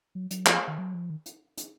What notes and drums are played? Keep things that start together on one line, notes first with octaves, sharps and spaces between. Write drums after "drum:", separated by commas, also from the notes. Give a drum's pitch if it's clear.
F#3
F#3, drum: hi-hat
F3, drum: clap
D#3
F#3
F3
D#3
drum: hi-hat
drum: hi-hat